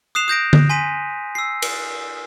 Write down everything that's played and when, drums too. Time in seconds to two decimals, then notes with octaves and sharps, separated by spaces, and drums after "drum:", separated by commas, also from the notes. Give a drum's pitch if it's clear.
0.15 D#6 F#6 C7 E7 F7
0.28 D#6 G6 A#6 D7
0.53 drum: tom D3
0.70 G#5 C6 B6 D#7
1.35 E6 C7
1.62 drum: cymbal